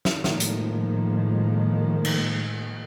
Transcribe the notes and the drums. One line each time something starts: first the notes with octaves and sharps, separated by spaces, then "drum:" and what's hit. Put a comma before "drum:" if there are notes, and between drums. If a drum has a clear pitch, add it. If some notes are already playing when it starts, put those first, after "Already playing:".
drum: snare
A2 D#3 F3 G#3 A#3, drum: snare
drum: hi-hat
drum: cymbal